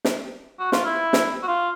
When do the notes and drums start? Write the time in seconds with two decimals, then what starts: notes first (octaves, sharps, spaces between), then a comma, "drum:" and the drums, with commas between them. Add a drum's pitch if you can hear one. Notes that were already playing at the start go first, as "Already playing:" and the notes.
0.05 drum: snare
0.59 F#4
0.72 F4, drum: snare
0.85 E4
1.13 drum: snare
1.43 F#4
1.47 F4